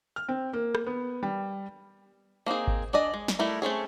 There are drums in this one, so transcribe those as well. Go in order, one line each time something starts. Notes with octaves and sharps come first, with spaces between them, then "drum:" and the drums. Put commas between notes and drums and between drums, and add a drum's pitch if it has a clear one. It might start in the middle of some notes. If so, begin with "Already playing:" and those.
F6
C4
A#3
drum: rim click
B3
G3
A#3 C4 D#4 G#4
drum: kick G#1
D4 G#4 D5 D#5
G#3
drum: snare
G3 A3 E4 A#4
A3 C4 C#4 G#4